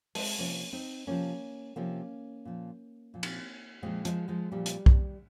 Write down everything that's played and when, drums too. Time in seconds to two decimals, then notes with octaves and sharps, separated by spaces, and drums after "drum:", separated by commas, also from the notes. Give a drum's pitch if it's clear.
0.15 G#3 C4, drum: open hi-hat
0.38 C3 F3 A#3 C#4
0.73 C4 D#4
1.07 C3 F3 A#3 C#4
1.76 C3 F3 A#3 C#4
2.45 A#2 F3
3.14 A#2 F3
3.23 drum: cymbal
3.83 A#2 F3 G#3 C4
4.05 F3 G#3, drum: hi-hat
4.28 F3 G#3
4.52 A#2 F3 G3
4.66 drum: hi-hat
4.86 drum: kick B1